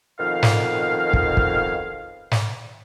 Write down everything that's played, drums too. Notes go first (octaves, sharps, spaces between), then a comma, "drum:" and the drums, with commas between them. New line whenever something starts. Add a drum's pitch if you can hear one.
F2 B2 D#3 F5
drum: snare
drum: kick
drum: kick
drum: snare